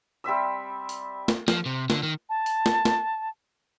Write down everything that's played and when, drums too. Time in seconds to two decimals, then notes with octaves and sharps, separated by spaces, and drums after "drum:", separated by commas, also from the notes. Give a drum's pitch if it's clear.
0.24 G3 C4 E5 E6
0.89 drum: open hi-hat
1.28 drum: snare
1.48 F3, drum: snare
1.66 C3
1.90 D3, drum: snare
2.03 D#3
2.29 A5
2.46 drum: open hi-hat
2.66 drum: snare
2.85 drum: snare